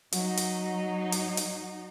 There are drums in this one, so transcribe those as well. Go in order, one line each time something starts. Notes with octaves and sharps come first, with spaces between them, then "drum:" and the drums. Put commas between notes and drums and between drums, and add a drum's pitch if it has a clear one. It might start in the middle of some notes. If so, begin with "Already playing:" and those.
F#3 D#4, drum: hi-hat
drum: hi-hat
drum: hi-hat
drum: hi-hat